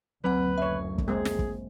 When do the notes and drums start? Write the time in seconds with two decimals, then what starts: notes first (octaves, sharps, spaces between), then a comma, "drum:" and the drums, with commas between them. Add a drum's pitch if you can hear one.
0.24 F#1 D2 F#3 C4 B4 F#5
0.58 C#4 C#5 E5
0.98 drum: kick
1.08 G#3 A#3 C4 G#4
1.25 drum: snare
1.39 drum: kick